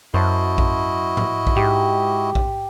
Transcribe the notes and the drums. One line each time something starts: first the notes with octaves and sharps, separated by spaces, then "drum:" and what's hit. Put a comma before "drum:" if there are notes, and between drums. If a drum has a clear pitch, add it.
F#2 E4 F#4 C5 D#5 A5
drum: kick A#1
drum: tom G#2
drum: kick A#1
G#2 G4
drum: kick A#1